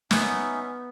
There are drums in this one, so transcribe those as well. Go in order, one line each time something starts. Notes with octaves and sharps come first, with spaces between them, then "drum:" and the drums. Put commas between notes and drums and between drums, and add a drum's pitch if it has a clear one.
B3 C#4 D#4 E5, drum: snare